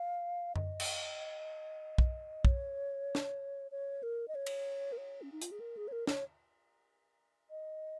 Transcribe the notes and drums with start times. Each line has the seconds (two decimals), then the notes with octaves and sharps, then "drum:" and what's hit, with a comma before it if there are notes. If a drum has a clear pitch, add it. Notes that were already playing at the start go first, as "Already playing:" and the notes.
Already playing: F5
0.56 D#5, drum: tom F#2
0.80 drum: cymbal
1.98 drum: kick
2.45 C#5, drum: kick
3.15 drum: snare
3.71 C#5
4.03 A#4
4.28 D#5
4.35 C#5
4.46 drum: cymbal
4.92 A#4
4.98 C#5
5.22 C#4
5.32 D#4
5.41 F4, drum: hi-hat
5.51 G#4
5.60 A#4
5.77 G#4
5.88 C#5
5.92 A#4
6.07 C#5, drum: snare
7.50 D#5